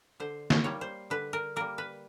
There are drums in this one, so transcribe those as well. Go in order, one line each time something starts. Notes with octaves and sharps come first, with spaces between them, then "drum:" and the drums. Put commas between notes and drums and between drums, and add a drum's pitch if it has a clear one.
D3 C5
C#5, drum: snare
G3 A#3 C#5
C5
D3 B4
A#4
G3 A#3 A#4
B4